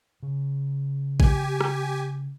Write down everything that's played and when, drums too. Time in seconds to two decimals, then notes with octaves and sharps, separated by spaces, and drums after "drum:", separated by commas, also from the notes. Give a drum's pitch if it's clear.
0.23 C#3
1.20 G4 G#5, drum: kick A1
1.61 drum: rim click